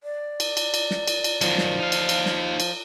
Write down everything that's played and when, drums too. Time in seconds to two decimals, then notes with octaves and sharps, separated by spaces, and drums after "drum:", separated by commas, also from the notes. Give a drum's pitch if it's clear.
0.04 D5
0.40 drum: cymbal
0.57 drum: cymbal
0.74 drum: cymbal
0.91 drum: snare
1.07 drum: cymbal
1.24 drum: cymbal
1.41 F#2 D#3 F3, drum: cymbal
1.58 drum: snare
1.80 D#4 F5
1.92 drum: cymbal
2.09 drum: cymbal
2.26 drum: snare
2.60 drum: cymbal